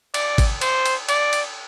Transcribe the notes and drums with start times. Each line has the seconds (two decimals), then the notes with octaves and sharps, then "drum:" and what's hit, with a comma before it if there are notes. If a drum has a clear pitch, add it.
0.14 D5, drum: cymbal
0.38 drum: kick G#1, cymbal
0.61 C5, drum: cymbal
0.86 drum: cymbal
1.09 D5, drum: cymbal
1.33 drum: cymbal